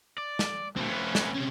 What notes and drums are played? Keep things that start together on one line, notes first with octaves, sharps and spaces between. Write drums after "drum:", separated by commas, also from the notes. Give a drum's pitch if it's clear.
D5
drum: snare
D2 B2 A3 C4
C#4 B4
drum: snare
C3 C#4